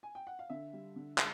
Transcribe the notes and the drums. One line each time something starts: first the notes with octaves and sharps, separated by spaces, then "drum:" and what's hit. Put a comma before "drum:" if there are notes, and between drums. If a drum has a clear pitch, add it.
G#5
G5
F#5
F5
D3 E5
G3
D3
G#3, drum: clap